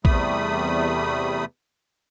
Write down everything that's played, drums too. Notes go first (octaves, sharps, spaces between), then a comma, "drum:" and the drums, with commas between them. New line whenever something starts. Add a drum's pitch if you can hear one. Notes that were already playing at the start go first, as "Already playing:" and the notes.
E2 C3 G3 A3 B5 D#6, drum: kick A#1